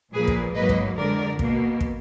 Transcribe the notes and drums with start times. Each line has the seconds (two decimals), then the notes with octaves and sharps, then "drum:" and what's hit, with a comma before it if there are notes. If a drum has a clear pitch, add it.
0.13 A#2 F3 A#3 G#4 B4
0.27 drum: kick
0.55 G#2 F#3 A#3 B4 D#5
0.69 drum: kick
0.97 F2 D3 G#3 A#4 D5
1.39 B2 A#3, drum: kick
1.81 drum: kick